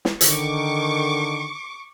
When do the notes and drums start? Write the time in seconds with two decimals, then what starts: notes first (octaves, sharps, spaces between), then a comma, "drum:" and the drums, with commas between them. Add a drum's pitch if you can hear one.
0.05 drum: snare
0.21 D3 D#3 C#6 D6, drum: hi-hat